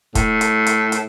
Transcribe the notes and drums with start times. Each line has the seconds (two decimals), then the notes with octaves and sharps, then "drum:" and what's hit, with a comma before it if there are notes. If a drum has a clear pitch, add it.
0.15 A2, drum: kick, hi-hat
0.41 drum: hi-hat
0.67 drum: hi-hat
0.92 drum: hi-hat